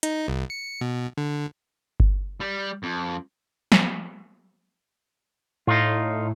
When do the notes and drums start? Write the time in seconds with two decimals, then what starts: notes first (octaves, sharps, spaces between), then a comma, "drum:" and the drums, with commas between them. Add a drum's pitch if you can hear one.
0.03 D#4, drum: hi-hat
0.28 C2
0.50 C#7
0.81 B2
1.17 D3
2.00 drum: kick G1
2.40 G3
2.83 F2
3.72 drum: snare
5.67 A2 D#4 F4